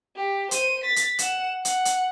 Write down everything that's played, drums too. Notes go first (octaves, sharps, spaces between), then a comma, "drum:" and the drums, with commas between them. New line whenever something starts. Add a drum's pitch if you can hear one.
G4
C5 D#7, drum: hi-hat
A6 B6
drum: hi-hat
F#5 E7, drum: hi-hat
F#5, drum: hi-hat
drum: hi-hat